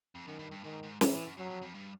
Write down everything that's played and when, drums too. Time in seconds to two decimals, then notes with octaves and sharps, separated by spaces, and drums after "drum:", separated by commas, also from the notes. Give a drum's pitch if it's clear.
0.15 F2
0.27 F#2 D#3
0.39 G2
0.51 G2
0.64 G#2 D#3
0.83 G#2
1.01 G#2 E3, drum: snare
1.14 A2
1.25 F#2
1.37 F#2 F#3
1.49 F2
1.62 F2
1.74 G2